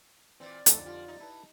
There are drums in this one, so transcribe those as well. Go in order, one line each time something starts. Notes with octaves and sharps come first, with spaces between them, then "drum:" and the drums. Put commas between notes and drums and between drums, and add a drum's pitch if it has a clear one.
A#2 E3 C4 D5
F2 D3 A3 D#4, drum: hi-hat
G3 F4
D#4
E4 B4 A5